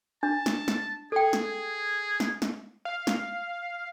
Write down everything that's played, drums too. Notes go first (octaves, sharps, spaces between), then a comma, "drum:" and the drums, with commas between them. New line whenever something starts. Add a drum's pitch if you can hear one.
D4 A5
drum: snare
drum: snare
G#4 A4 G5
drum: snare
drum: snare
drum: snare
F5
drum: snare